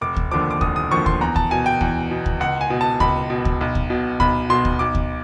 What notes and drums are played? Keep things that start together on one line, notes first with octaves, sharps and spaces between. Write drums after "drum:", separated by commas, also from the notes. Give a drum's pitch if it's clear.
F1 D6
drum: kick D2
D#2 D3 F3 D6
D6
F1 D#6, drum: kick D2
D#6
D#2 D3 F3 C#6
C6, drum: kick D2
E2 A#5
A5, drum: kick D2
B2 G#5
G5
E2, drum: kick D2
B2
drum: kick D2
C#2 F#5
G#5
B2
A5
C#2 B5, drum: kick D2
B2
drum: kick D2
B1
drum: kick D2
B2
B1 B5, drum: kick D2
B2 C6
drum: kick D2
B1 D6
drum: kick D2